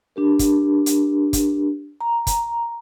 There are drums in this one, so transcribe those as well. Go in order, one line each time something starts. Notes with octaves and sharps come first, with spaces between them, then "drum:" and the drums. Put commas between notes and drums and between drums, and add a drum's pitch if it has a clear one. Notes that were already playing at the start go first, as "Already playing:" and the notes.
D4 G4 A#4
drum: kick, hi-hat
drum: hi-hat
drum: kick, hi-hat
A#5
drum: kick, hi-hat